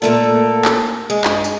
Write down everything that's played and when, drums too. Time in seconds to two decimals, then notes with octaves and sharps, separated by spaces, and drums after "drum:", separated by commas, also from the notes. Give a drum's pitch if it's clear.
0.02 A#2 A3 A#3 A4
0.65 drum: clap
1.10 G#3 G#4
1.24 G2, drum: clap
1.44 drum: tambourine